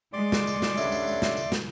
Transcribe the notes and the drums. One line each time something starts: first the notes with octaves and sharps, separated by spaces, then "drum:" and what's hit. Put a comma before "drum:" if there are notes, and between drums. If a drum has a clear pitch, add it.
G#3 D5 C6 D6
drum: snare
drum: tambourine
drum: snare
G2 D3 C#4 E5, drum: tambourine
drum: tambourine
drum: tambourine
drum: snare
drum: tambourine
drum: snare